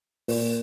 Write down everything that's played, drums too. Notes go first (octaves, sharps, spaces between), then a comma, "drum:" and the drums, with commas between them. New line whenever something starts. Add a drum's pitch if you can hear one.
A#2, drum: open hi-hat